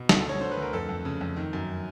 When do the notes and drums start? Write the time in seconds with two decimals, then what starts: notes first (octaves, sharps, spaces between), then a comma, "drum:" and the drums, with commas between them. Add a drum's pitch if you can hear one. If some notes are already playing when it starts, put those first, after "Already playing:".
Already playing: B2
0.09 D2 A4, drum: snare
0.25 D2 C#5
0.41 D3 C5
0.51 B4
0.57 D2
0.62 A#4
0.73 F2 A4
0.89 F2
1.05 C#3
1.21 F2
1.36 D#3
1.53 F#2